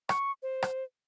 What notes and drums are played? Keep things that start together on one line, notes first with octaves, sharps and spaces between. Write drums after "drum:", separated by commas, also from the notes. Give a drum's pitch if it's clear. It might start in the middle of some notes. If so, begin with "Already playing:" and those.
C#6, drum: rim click
C5
drum: rim click